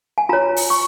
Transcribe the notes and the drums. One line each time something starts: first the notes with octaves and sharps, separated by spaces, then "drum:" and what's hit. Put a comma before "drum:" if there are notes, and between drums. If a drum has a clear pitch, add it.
G#5
F4 C#5 A#5
drum: open hi-hat
C#6